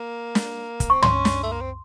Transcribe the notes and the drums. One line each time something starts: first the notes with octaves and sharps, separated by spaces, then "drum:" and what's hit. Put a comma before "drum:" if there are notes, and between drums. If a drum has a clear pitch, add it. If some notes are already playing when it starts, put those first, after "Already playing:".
Already playing: A#3
drum: snare
drum: kick, hi-hat
C4 C#6
C#4 C6, drum: tom
drum: snare
A3
A#3
C4